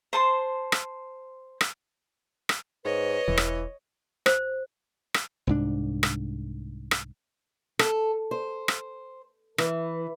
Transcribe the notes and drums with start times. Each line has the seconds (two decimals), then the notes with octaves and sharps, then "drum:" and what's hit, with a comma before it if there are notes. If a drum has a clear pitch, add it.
0.13 C5 A5 C6
0.72 drum: rim click
1.61 drum: rim click
2.49 drum: rim click
2.85 G#2 B4 C#5 D#5
3.28 E1 E3
3.37 drum: rim click
4.26 C5, drum: rim click
5.14 drum: rim click
5.47 C2 G#2 D4
6.03 drum: rim click
6.91 drum: rim click
7.79 A4, drum: rim click
8.31 C5
8.68 drum: rim click
9.58 E3, drum: rim click